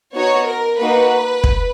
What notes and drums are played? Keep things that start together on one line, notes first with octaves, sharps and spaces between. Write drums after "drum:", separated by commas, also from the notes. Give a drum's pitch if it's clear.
B3 D#4 F#4 C#5
A#4
A#3 D#4 F#4 B4
drum: kick